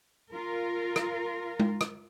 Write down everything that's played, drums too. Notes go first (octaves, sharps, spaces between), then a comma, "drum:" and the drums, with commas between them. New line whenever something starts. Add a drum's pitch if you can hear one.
F4 A#4
drum: rim click
drum: tom G#3
drum: rim click